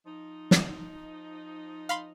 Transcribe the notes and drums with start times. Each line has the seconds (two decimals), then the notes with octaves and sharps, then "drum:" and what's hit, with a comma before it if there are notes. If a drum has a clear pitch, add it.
0.05 F3 D#4
0.51 drum: snare
1.89 F5 B5 C6